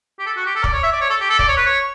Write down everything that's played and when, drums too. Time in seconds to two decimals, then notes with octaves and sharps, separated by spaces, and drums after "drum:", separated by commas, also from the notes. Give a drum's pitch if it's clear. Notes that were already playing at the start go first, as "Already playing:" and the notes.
0.19 G4
0.27 A4
0.37 F#4
0.46 G4
0.56 A4
0.64 D5, drum: kick
0.73 C#5
0.83 E5
0.92 D5
1.01 C#5
1.10 A4
1.20 G4
1.29 A4
1.39 D5, drum: kick
1.48 C#5
1.57 B4
1.66 C#5